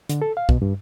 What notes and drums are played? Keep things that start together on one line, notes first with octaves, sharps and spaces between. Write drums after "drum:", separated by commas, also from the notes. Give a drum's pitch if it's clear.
D3, drum: hi-hat
A4
F5
B2, drum: kick
G2